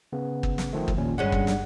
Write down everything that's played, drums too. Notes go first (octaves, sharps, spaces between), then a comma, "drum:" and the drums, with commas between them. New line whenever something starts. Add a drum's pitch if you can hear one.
C#3 B3
drum: kick
drum: snare
D#3 F3 A3
drum: kick
D#2 A#2 C#4
G2 G#3 C#4 F#5
drum: kick
drum: snare